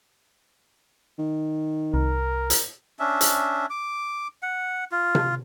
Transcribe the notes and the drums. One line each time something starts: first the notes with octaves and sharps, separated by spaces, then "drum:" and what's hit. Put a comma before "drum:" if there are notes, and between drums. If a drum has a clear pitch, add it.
D#3
C2 A#4
drum: hi-hat
C#4 D4 E5
drum: hi-hat
D6
F#5
F4
drum: tom C3